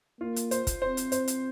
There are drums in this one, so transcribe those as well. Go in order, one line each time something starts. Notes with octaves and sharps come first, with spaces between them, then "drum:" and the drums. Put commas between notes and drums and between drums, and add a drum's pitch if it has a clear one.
A#3 F4
drum: hi-hat
C5, drum: hi-hat
drum: kick, hi-hat
C4 C5
drum: hi-hat
C5, drum: hi-hat
drum: hi-hat